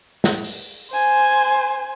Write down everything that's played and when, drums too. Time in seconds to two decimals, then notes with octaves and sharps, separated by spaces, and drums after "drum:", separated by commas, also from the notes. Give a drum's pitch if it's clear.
0.24 drum: snare
0.44 drum: open hi-hat
0.91 C5 G#5